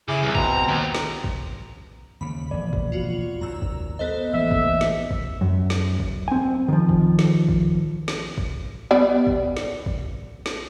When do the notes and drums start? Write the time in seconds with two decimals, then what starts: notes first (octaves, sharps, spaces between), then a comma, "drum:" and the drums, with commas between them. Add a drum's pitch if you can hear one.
0.08 C#3 E4 G#4 D6
0.23 C2 C3 E3
0.35 B2 C4 A#5, drum: kick
0.69 D#2
0.95 drum: snare
1.24 drum: kick
2.21 D#2 C#3 B5
2.51 E1 A#1 D5
2.73 drum: kick
2.92 F4 F#4
3.41 D#2 A#5 E6
3.62 drum: kick
3.99 B3 A4 C5 D#5
4.33 A1 E3 A#3 E5
4.51 drum: kick
4.81 drum: snare
5.11 drum: kick
5.41 F#2
5.70 drum: snare
6.00 drum: kick
6.28 C4 G#5
6.68 D#3 F3
6.89 drum: kick
7.19 drum: snare
7.48 drum: kick
8.08 drum: snare
8.38 drum: kick
8.91 G3 B3 D5
9.27 drum: kick
9.57 drum: snare
9.86 drum: kick
10.46 drum: snare